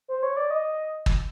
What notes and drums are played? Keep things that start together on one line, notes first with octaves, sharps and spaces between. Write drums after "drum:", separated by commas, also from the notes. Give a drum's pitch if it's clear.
C5
C#5
D5
D#5
drum: kick